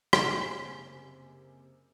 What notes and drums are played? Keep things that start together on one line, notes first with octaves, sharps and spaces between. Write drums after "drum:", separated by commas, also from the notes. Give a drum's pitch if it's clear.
F#1 C3 A#3 G#5, drum: rim click